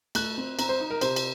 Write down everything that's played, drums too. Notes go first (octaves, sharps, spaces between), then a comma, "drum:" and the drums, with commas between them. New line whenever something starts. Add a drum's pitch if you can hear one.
A3 F#6, drum: cymbal
C4
C4 A#5, drum: cymbal
C5
D#4
A#4
C3 C5, drum: cymbal
drum: cymbal